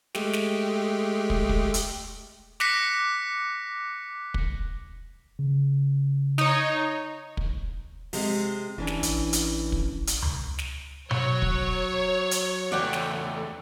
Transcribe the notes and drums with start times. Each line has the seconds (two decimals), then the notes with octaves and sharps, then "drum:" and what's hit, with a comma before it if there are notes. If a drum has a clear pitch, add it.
0.15 G#3 A3 G4, drum: snare
0.33 drum: snare
1.30 drum: kick
1.49 drum: kick
1.74 drum: hi-hat
2.60 D6 F#6 A#6 B6 C#7, drum: snare
4.34 drum: kick
5.39 C#3
6.38 D#4 C#5, drum: snare
7.37 drum: kick
8.13 C3 G#3, drum: open hi-hat
8.78 F1 E3 C#4 D4
8.87 drum: snare
9.03 A1, drum: hi-hat
9.33 drum: hi-hat
9.72 drum: kick
10.07 drum: hi-hat
10.22 drum: tom C#2
10.59 drum: snare
11.11 F#3 C#5, drum: tom B2
11.42 drum: kick
12.31 drum: hi-hat
12.72 E2 A3 D5 F#5 G5
12.93 drum: snare